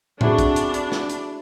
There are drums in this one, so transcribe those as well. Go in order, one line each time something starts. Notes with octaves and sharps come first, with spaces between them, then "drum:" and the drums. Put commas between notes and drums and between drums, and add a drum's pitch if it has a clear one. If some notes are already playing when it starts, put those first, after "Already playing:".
A3 C4 D4 E4 F#4 G#4, drum: tom A2
drum: kick, hi-hat
drum: hi-hat
drum: hi-hat
drum: snare
drum: hi-hat